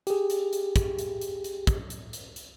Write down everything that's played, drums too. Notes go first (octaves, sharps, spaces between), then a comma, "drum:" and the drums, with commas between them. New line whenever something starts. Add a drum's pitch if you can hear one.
G4 G#4, drum: hi-hat
drum: hi-hat
drum: hi-hat
drum: kick, hi-hat
drum: hi-hat
drum: hi-hat
drum: hi-hat
drum: kick, hi-hat
drum: hi-hat
drum: hi-hat
drum: hi-hat